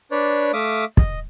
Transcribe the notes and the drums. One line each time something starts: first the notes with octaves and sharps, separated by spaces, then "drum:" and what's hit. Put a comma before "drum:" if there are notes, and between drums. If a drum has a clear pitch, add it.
D4 B4 C#5 D5
A3 E5 F5 D6 D#6
D#5, drum: kick